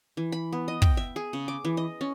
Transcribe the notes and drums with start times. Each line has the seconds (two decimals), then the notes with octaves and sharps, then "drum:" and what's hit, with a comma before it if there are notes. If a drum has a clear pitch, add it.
0.17 E3
0.32 B5
0.52 B3
0.68 D#5
0.82 G5, drum: kick
0.97 E5
1.16 G#4
1.33 C#3
1.48 D6
1.65 E3
1.77 D#5
2.01 C#4